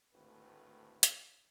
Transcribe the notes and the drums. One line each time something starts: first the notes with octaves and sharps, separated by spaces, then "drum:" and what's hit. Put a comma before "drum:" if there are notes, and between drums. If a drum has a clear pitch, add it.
G#1 D2 A2 B4
drum: hi-hat